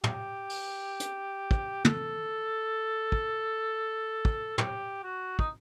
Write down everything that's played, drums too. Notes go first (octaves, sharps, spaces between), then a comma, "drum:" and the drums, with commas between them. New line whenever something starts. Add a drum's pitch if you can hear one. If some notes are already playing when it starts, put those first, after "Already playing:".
G4, drum: tom
drum: open hi-hat
drum: hi-hat
drum: kick
A4, drum: tom
drum: kick
drum: kick
G4, drum: tom
F#4
D#4, drum: kick